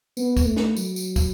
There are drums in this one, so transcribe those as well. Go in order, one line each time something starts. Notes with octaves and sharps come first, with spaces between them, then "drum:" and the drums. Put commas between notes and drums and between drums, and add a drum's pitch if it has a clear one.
B3, drum: tambourine
drum: kick, tambourine
A3
drum: snare
F#3, drum: tambourine
drum: tambourine
drum: kick, tambourine